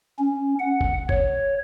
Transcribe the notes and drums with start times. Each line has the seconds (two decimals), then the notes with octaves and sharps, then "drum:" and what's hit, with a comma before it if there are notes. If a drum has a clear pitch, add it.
0.19 C#4
0.60 F#5
0.81 drum: kick G1
1.09 C#5, drum: kick G1